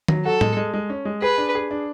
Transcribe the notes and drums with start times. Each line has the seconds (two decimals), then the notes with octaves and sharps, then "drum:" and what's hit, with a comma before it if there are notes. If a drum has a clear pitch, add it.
0.08 F#3, drum: tom D#3
0.25 F#4 A4
0.41 G#3, drum: tom A2
0.57 G#3
0.74 G#3
0.90 C#4
1.05 G#3
1.22 G#4 B4
1.38 D4
1.55 G#4
1.71 D4